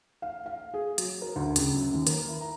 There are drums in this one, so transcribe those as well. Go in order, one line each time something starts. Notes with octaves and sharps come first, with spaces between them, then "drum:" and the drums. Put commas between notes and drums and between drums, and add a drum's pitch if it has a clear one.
F5
F5
G#4
F#3, drum: hi-hat
A#4
D2
C#2, drum: hi-hat
F#2
D#2
A#4, drum: hi-hat
E4
A#5